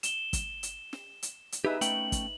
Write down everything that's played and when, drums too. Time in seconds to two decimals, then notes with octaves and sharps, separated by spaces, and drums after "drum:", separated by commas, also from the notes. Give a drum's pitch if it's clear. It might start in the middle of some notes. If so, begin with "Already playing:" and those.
0.03 E7 G7, drum: hi-hat
0.33 drum: kick, hi-hat
0.63 drum: hi-hat
0.93 drum: snare
1.23 drum: hi-hat
1.52 drum: hi-hat
1.65 D#4 G4 G#4 B4 E5
1.81 A3 C#4 G5 F#7, drum: hi-hat
2.12 drum: kick, hi-hat